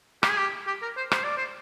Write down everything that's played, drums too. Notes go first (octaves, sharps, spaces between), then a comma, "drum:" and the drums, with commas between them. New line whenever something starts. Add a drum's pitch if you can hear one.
G4, drum: rim click
G#4
G4
G4
A#4
C5
C5, drum: rim click
D5
C5